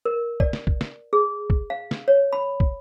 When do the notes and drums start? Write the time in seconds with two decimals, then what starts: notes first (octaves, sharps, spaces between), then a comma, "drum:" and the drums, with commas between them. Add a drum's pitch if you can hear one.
0.05 A#4
0.40 D5, drum: kick
0.53 drum: snare
0.67 drum: kick
0.81 drum: snare
1.13 G#4
1.50 drum: kick
1.70 F5
1.91 drum: snare
2.08 C#5
2.33 B5
2.60 drum: kick